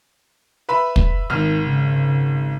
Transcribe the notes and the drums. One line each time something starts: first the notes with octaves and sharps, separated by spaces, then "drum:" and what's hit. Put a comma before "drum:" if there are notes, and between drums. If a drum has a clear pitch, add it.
B4 E5 B5
drum: kick
G#1 D#3 F6
C#3